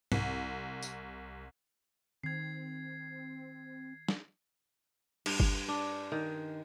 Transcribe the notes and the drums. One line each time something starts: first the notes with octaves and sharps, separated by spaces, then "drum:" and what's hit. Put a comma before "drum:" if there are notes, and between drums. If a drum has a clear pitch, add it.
C2, drum: tom G#2
drum: tambourine
D#3 C4 G#6 C7
drum: snare
G2, drum: cymbal
drum: kick G1
D4
D#3